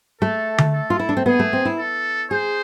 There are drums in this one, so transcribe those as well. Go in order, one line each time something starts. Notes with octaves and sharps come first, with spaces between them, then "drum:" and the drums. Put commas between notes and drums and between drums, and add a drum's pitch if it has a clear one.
A3 A4
drum: tom D3
A4
F4
E4
D4
C4
B3 G#4
A3
C4
E4
A4
G#4 C5